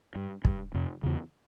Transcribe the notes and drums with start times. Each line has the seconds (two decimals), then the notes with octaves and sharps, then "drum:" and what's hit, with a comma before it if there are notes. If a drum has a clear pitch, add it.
0.16 G2
0.45 G2, drum: kick
0.74 F2 C3
1.03 E2 C#3